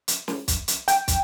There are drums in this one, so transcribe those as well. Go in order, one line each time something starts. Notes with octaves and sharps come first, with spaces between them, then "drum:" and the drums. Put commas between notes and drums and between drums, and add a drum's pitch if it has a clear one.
drum: hi-hat
drum: snare
drum: kick, hi-hat
drum: hi-hat
G5, drum: hi-hat
drum: kick, hi-hat